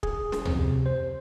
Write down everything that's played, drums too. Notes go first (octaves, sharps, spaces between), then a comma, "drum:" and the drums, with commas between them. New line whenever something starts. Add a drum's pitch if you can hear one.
G#4, drum: kick
drum: snare
F2, drum: tom
C3
C5